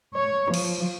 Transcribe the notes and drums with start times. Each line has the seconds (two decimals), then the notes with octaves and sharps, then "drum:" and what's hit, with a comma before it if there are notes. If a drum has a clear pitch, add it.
0.16 C#5
0.54 F3, drum: cymbal